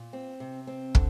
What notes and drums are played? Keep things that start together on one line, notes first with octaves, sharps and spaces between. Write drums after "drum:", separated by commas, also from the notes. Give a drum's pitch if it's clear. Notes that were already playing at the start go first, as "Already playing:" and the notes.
Already playing: A#2
C4
C3
C4
D3, drum: kick